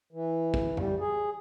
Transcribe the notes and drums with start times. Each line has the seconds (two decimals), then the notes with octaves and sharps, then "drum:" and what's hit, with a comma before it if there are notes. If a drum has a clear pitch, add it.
0.12 E3
0.54 drum: kick
0.77 G3, drum: tom F2
1.00 G#4